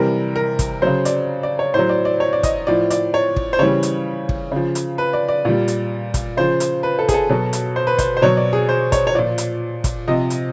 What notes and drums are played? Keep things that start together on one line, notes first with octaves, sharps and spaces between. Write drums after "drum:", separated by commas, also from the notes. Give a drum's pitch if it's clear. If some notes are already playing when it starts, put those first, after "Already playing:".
Already playing: C3 E3 G3 A#4
A#4
drum: kick, hi-hat
C#3 F#3 C5
D5, drum: hi-hat
D5
C#5
A2 F#3 C5
D5
D5
C#5
D5
D#5, drum: kick, hi-hat
A2 F3 D5
D5, drum: hi-hat
C#5
drum: kick
C5
C#3 E3 G3 C#5
drum: hi-hat
drum: kick
C#3 F3
drum: hi-hat
B4
D5
D5
A#2 G3
drum: hi-hat
drum: kick, hi-hat
C#3 F3 C5
drum: hi-hat
B4
A4
G#4, drum: kick, hi-hat
A4
B2 F#3
drum: hi-hat
C5
B4
C5, drum: kick, hi-hat
C5
B2 F#3 C#5
D5
G#4
C5
C#5, drum: kick, hi-hat
C#5
A#2 F3 D5
drum: hi-hat
drum: kick, hi-hat
C3 F3 D#5
drum: hi-hat